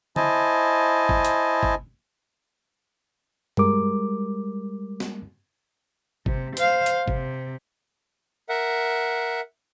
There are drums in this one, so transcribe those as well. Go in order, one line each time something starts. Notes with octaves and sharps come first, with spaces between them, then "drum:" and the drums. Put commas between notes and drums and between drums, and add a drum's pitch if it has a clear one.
E4 C5 D#5 G#5 A5, drum: tom D3
drum: kick G1
drum: hi-hat
drum: kick G1
G3 G#3 A#4 D6, drum: tom G2
drum: snare
C3, drum: kick G1
C5 F5, drum: hi-hat
drum: hi-hat
C3, drum: kick G1
A#4 E5 F#5